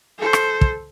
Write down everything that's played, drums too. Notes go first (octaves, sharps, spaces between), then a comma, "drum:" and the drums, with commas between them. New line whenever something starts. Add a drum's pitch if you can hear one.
A4 C5
drum: rim click
drum: kick